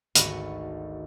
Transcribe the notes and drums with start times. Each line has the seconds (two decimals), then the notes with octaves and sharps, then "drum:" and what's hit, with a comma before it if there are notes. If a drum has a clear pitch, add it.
0.15 G#1 D2 F#4 D#5 B5 C#6, drum: hi-hat